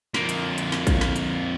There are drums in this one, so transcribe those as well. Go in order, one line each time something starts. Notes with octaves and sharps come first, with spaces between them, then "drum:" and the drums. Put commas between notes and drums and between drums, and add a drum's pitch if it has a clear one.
F2 A#3, drum: snare
drum: hi-hat
drum: hi-hat
drum: snare
drum: kick, hi-hat
drum: snare
drum: hi-hat